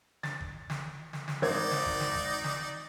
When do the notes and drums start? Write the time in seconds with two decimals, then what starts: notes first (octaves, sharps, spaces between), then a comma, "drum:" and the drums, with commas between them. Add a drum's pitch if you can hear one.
0.23 A6, drum: snare
0.41 drum: kick G1
0.70 drum: snare
1.13 drum: snare
1.28 drum: snare
1.42 G#1 D#4 A#4 C5 D5 G#6
1.71 drum: snare
1.86 drum: kick G1
2.00 drum: snare
2.15 drum: kick G1
2.44 drum: snare